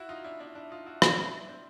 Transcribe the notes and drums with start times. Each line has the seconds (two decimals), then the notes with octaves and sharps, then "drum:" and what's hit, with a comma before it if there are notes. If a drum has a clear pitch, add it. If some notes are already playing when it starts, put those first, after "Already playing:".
Already playing: E4 F#4
0.09 D#4 F4
0.24 D4 E4
0.40 D4 E4
0.55 D4 E4
0.71 D#4 F4
0.86 E4 F#4
1.02 D#4 F4, drum: rim click
1.17 D4 E4
1.48 C4 D4